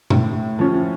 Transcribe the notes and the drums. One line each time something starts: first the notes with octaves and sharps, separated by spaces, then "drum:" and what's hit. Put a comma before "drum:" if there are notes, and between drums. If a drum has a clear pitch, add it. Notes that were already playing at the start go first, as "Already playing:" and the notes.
A2, drum: tom B2
F3 C#4